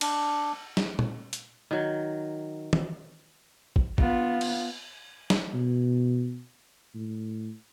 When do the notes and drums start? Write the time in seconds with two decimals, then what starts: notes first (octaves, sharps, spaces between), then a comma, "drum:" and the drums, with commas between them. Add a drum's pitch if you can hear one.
0.01 D4, drum: cymbal
0.77 drum: snare
0.99 drum: tom
1.33 drum: hi-hat
1.71 D#3 F#3
2.73 drum: tom
3.76 drum: kick
3.98 B3 F4, drum: kick
4.41 drum: cymbal
5.30 drum: snare
5.54 B2
6.94 A2